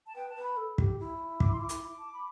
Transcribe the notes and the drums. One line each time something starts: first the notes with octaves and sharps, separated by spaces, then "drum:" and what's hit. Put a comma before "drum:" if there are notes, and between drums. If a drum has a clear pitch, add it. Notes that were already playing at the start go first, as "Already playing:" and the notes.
A5
B4 G5
A5
B4
B5
A4
G4, drum: kick
E4
D6, drum: kick
C6
D6
drum: hi-hat
A5
B5